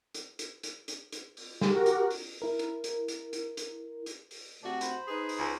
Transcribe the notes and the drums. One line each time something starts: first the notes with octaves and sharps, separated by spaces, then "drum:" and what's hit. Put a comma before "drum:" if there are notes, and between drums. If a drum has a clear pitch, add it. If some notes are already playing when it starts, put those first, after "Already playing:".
drum: hi-hat
drum: hi-hat
drum: hi-hat
drum: hi-hat
drum: hi-hat
drum: open hi-hat
F#4 G4 A#4, drum: snare
drum: hi-hat
drum: open hi-hat
E4 A#4
drum: hi-hat
drum: hi-hat
drum: hi-hat
drum: hi-hat
drum: hi-hat
drum: hi-hat
drum: open hi-hat
C3 A3 F#4 D5 A5
C5 B5, drum: hi-hat
D#4 G#4 B4
drum: open hi-hat
C#2 C5 D#6